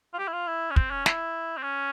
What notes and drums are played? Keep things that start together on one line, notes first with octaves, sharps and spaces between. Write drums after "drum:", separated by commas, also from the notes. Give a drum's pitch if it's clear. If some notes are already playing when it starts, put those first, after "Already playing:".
F4
G4
E4
F4
E4
C#4
C4, drum: kick
C#4
E4, drum: snare
C4
C#4